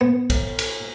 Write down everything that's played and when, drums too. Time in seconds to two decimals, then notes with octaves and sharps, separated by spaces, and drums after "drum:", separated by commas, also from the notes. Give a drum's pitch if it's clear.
0.01 B3
0.30 drum: kick B1, cymbal
0.59 drum: cymbal